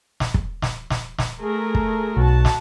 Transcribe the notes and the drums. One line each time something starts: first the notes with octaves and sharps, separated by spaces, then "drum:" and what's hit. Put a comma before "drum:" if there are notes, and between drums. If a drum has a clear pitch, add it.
drum: snare
drum: kick
drum: snare
drum: snare
drum: snare
A3 G#4 A#4
drum: kick
B1 F#4 A5
drum: snare